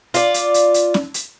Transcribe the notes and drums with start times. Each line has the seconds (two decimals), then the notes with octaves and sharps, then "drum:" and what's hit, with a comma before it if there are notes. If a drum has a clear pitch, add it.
0.14 F4 D5, drum: hi-hat
0.34 drum: hi-hat
0.54 drum: hi-hat
0.74 drum: hi-hat
0.94 drum: snare
1.14 drum: hi-hat